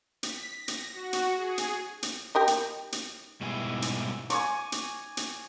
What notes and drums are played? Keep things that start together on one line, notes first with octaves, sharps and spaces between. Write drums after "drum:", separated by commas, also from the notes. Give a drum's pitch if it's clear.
B6, drum: hi-hat
A#6
drum: hi-hat
F#4
drum: hi-hat
G#4
drum: hi-hat
drum: hi-hat
G4 A#4 D#5
drum: hi-hat
drum: hi-hat
G#2 B2 G3 E4 G#4 G#5
drum: hi-hat
G#5 C#6 D6, drum: hi-hat
drum: hi-hat
drum: hi-hat